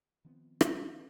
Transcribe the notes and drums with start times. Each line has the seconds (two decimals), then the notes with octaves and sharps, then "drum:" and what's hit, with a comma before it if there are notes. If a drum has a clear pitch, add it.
0.25 D#3 F3 B3 C4
0.61 drum: rim click